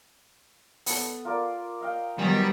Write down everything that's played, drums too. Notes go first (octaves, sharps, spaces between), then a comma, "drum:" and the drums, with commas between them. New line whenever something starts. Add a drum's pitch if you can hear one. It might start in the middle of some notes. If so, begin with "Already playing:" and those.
B3 A4, drum: open hi-hat
F4 A#4 D5
D#5 F5 G5
D#3 F#3 G3 B3 D#5 G5 G#5